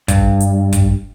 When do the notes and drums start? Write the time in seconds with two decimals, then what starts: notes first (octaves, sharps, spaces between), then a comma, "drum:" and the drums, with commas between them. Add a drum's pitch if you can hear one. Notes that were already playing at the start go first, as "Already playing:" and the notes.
0.08 G2, drum: kick, hi-hat
0.40 drum: hi-hat
0.73 drum: kick, hi-hat